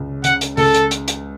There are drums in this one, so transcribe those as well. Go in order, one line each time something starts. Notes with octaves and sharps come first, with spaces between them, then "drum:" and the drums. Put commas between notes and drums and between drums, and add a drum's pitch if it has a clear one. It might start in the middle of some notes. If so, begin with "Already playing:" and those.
Already playing: C#2 C#3
C#3 F#5, drum: hi-hat
drum: hi-hat
C#2 A4, drum: open hi-hat
drum: hi-hat
drum: hi-hat
drum: hi-hat